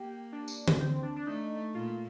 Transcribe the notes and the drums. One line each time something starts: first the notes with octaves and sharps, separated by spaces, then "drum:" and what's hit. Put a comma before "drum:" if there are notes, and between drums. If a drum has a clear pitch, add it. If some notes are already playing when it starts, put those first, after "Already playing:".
Already playing: A#3 G4
D4
drum: tambourine
drum: tom D3
C4
D4
D4
A3 D#4
A#2 F4